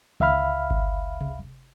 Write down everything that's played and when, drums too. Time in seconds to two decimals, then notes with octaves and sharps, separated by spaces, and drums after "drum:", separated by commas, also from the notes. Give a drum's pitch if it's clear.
0.20 C#2 E5 F5 B5 F6, drum: tom D3
0.70 drum: kick G1
1.21 drum: tom C3